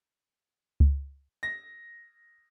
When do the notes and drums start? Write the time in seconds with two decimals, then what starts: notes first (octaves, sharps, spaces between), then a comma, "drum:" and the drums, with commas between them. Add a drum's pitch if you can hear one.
0.80 drum: kick C#2
1.43 A#6